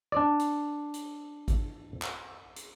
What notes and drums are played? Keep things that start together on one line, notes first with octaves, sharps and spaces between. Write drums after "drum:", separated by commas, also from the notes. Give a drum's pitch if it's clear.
D4 D5
drum: hi-hat
drum: hi-hat
drum: kick G#1, hi-hat
drum: clap
drum: hi-hat